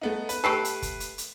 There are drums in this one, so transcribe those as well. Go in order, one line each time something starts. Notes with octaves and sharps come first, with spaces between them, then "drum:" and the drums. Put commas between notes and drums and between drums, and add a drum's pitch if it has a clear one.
A3 B3 D#4
B4, drum: hi-hat
A3 G4 A4 B4 C7 D7
drum: hi-hat
drum: kick, hi-hat
drum: hi-hat
drum: hi-hat